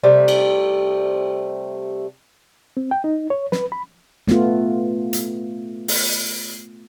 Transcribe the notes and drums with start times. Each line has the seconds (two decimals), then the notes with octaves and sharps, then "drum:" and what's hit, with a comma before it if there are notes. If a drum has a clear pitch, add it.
0.04 C3 G3 A3
0.28 drum: cymbal
2.77 C4
2.91 G5
3.04 D#4
3.30 C#5
3.52 B4, drum: snare
3.72 B5
4.28 A3 B3 F4, drum: snare
5.13 drum: hi-hat
5.88 drum: open hi-hat